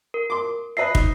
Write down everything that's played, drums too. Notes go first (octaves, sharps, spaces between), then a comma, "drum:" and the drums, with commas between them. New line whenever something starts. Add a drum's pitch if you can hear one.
A#4
C6 D6
B4 D#5 E5 C7
D#4, drum: kick